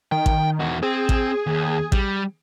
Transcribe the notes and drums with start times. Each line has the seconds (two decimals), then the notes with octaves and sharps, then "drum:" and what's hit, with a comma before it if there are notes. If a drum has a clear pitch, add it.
0.12 D#3 G5
0.26 drum: kick A1
0.60 E2 F#4
0.83 C4 G#4
1.09 drum: kick A1
1.47 D#2
1.92 G3, drum: kick A1